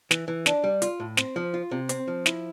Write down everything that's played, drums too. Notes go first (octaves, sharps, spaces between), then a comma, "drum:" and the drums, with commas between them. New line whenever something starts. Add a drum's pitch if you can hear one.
E3, drum: snare
E3
D4, drum: snare
G3
F4, drum: hi-hat
A2
C4, drum: snare
F3
F4
C3
C4, drum: hi-hat
F3
E4, drum: snare